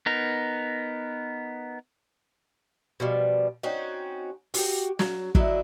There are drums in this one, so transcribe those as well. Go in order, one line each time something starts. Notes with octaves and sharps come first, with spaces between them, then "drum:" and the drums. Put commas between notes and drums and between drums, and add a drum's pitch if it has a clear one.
B3 D#4 A#4
B2 F3 G3
C4 C#4 D#4 F#4
F#4 G4, drum: open hi-hat
F#3, drum: snare
D3 F#3 E4 D#5, drum: kick